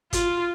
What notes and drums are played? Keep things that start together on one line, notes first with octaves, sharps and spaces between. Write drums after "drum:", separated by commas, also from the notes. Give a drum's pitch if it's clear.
F4, drum: kick, hi-hat